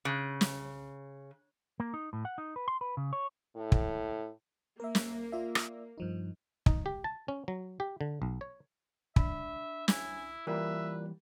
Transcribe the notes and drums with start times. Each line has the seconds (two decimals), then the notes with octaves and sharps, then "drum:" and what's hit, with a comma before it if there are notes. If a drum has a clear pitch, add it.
0.05 C#3
0.41 drum: snare
1.80 A#3
1.94 D#4
2.13 A2
2.25 F#5
2.38 D#4
2.56 B4
2.68 C6
2.81 B4
2.97 C#3
3.13 C#5
3.55 A2
3.72 drum: kick
4.80 A#3 A#4 E5
4.95 drum: snare
5.32 F4 D5 E5
5.55 drum: rim click
5.98 G2 F3 D#4
6.66 D#4, drum: kick
6.86 G4
7.04 A5
7.28 C#4
7.48 F#3
7.80 G4
8.01 D3
8.22 B1
8.41 C#5
9.16 D4 E5 B5, drum: kick
9.88 E4 G#5, drum: snare
10.47 E3 G3 A#3 F4 A#4 B4 D5 E5